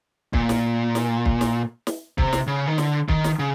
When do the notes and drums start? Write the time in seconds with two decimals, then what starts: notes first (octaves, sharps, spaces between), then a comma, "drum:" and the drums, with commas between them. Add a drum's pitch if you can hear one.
0.33 A#2, drum: kick
0.49 drum: snare
0.95 drum: snare
1.26 drum: kick
1.41 drum: snare
1.87 drum: snare
2.18 C3, drum: kick
2.33 drum: snare
2.47 C#3
2.67 D#3
2.78 D3, drum: snare
3.09 D#3, drum: kick
3.24 drum: snare
3.39 C#3